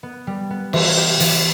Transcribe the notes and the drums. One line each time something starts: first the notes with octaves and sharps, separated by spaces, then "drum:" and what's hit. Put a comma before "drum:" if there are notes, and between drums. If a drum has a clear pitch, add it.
B3
G3
B3
E3, drum: cymbal
G4
E3, drum: open hi-hat